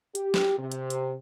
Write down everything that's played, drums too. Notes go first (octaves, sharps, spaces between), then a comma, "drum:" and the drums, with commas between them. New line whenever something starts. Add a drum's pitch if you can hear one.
G4, drum: hi-hat
drum: snare
C3
drum: hi-hat
drum: hi-hat